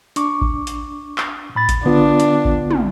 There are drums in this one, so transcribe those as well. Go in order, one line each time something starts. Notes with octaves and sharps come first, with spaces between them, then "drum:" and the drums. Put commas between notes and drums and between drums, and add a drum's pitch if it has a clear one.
D4 C#6 D6, drum: hi-hat
drum: kick A1
drum: hi-hat
drum: clap
A2 B5 A6
drum: kick A1, hi-hat
D3 B3 D4 F4
drum: hi-hat
drum: kick A1
drum: tom